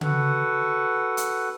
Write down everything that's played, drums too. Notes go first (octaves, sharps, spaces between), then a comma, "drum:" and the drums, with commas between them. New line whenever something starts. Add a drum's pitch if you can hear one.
F#4 A4 B4 F#5, drum: tom C#3
drum: hi-hat